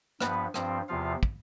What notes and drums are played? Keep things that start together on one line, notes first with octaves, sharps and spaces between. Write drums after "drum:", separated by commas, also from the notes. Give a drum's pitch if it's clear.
G2 F3 B3 B4, drum: rim click
G2 F3 C4 C5, drum: rim click
E2 C3 F3 F4 F5
drum: kick